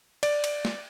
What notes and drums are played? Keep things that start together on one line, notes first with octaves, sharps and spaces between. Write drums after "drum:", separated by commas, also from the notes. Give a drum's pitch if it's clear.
D5, drum: cymbal
drum: cymbal
drum: snare